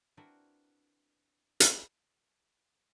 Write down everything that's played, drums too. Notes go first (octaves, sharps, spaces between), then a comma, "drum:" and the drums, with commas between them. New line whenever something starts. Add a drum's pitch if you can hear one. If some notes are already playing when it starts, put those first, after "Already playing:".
C4 D4 E4 F#4 A#4 B4
drum: hi-hat